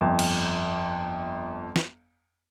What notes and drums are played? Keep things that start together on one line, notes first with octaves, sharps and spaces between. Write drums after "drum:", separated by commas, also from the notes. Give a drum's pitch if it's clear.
G1 F2
drum: cymbal
drum: snare